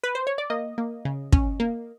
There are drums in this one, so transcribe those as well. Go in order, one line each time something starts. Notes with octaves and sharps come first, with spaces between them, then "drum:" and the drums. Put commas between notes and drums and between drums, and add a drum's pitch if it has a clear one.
B4
C5
C#5
D5
A#3 D#5
A#3
C#3
C#4, drum: kick
A#3